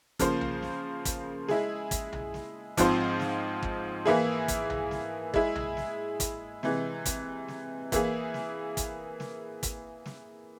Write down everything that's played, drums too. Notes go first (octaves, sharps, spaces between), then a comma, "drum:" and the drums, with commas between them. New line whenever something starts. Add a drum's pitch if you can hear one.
C#3 F3 A#3 F4 C5, drum: kick, hi-hat
drum: tom B1
drum: snare
drum: kick, hi-hat
G#3 E4 G#4, drum: snare
drum: kick, hi-hat
drum: tom B1
drum: snare
G#2 F3 C4 F4 C5, drum: kick, hi-hat
drum: snare
drum: kick
E3 A#3 E4 G#4, drum: snare
drum: kick, hi-hat
drum: tom B1
drum: snare
G#3 E4 G#4, drum: kick
drum: tom B1
drum: snare
drum: kick, hi-hat
C3 E3 G#3, drum: snare
drum: kick, hi-hat
drum: snare
E3 A#3 E4 G#4, drum: kick, hi-hat
drum: snare
drum: kick, hi-hat
drum: snare
drum: kick, hi-hat
drum: snare